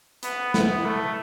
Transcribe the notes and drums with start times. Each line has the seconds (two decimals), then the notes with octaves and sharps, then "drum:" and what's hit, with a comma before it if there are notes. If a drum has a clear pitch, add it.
0.23 B3, drum: hi-hat
0.54 B3, drum: snare
0.85 A3